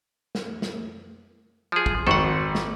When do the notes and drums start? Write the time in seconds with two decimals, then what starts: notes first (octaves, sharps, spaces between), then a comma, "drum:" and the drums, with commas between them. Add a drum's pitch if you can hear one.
0.35 drum: snare
0.62 drum: snare
1.72 F3 G#4
1.86 drum: kick
2.07 G#1 A4 F#5 C6 C#6
2.55 drum: snare